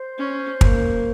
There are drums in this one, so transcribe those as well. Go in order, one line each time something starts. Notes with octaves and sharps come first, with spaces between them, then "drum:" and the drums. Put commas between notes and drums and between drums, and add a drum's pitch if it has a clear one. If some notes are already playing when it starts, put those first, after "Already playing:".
Already playing: C5
C#4
A#3, drum: kick